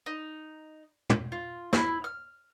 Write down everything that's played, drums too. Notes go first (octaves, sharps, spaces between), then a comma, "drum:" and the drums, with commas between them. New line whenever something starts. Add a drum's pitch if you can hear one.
D#4
drum: tom
F4
E4, drum: snare
F6